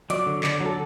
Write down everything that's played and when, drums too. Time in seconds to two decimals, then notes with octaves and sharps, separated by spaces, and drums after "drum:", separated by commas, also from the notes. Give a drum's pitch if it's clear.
0.10 F#3 D5, drum: hi-hat
0.26 D3
0.43 D3 D5, drum: clap
0.60 F#3
0.66 A4